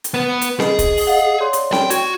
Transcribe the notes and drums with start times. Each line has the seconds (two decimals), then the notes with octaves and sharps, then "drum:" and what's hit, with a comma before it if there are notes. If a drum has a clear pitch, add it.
0.04 drum: hi-hat
0.14 B3 B4
0.41 drum: hi-hat
0.60 G#4 D#5, drum: snare C4
0.79 drum: kick, hi-hat
0.97 drum: open hi-hat
1.07 D#5 F5 F#5
1.40 C#5 D5 C6
1.53 drum: hi-hat
1.72 G5, drum: snare C4
1.90 F#4 G#6, drum: hi-hat